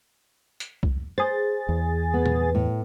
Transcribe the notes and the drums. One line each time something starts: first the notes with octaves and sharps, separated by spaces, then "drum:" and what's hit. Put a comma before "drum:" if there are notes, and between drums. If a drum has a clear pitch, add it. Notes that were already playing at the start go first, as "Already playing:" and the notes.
drum: hi-hat
drum: kick C2
G#4 C5 A6
E2
B3
drum: tom A#2
A2